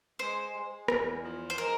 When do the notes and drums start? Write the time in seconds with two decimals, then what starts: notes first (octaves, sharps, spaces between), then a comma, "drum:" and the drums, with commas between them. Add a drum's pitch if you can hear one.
0.19 G#3 C5
0.55 G#3
0.88 E2, drum: rim click
1.24 F3
1.50 C5
1.58 G#3 A#4